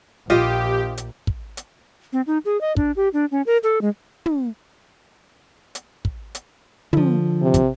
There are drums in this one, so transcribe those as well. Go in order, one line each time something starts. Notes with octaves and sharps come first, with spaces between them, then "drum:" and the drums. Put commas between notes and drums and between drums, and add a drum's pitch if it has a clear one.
A#1 F4 G4 D#5
drum: hi-hat
drum: kick
drum: hi-hat
C4
D#4
G#4
D#5
D4, drum: kick
G4
D4
C#4
A#4
A4
G#3
drum: tom
drum: hi-hat
drum: kick
drum: hi-hat
D3 F3, drum: tom
C3
drum: kick, hi-hat